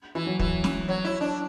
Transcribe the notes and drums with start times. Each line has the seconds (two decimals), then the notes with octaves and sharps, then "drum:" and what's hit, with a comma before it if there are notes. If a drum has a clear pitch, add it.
0.15 E3 E4
0.27 F#3
0.39 E3, drum: kick
0.64 drum: snare
0.89 F#3
1.04 E4
1.21 D4